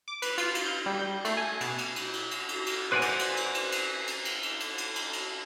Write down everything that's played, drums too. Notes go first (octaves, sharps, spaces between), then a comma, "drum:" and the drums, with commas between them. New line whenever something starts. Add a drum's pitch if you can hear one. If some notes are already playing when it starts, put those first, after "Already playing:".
D6
B4, drum: cymbal
F4, drum: cymbal
drum: cymbal
G6
G3
G6
A3, drum: cymbal
G#5
B2, drum: cymbal
drum: cymbal
drum: cymbal
drum: cymbal
drum: cymbal
drum: cymbal
drum: cymbal
B4 C5 D5 D#5 F#5 G#5
drum: cymbal
drum: cymbal
drum: cymbal
drum: cymbal
drum: cymbal
drum: cymbal
drum: cymbal
drum: cymbal
drum: cymbal
drum: cymbal
drum: cymbal
drum: cymbal